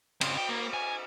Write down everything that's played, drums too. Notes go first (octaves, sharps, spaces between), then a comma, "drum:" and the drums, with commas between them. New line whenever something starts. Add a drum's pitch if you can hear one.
C#3 C4, drum: cymbal
G5
A#3
G#5